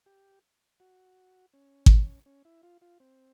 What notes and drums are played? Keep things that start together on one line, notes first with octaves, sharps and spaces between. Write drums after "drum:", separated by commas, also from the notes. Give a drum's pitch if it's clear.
G4
F#4
C#4
drum: kick G#1
C#4
E4
F4
F4
C4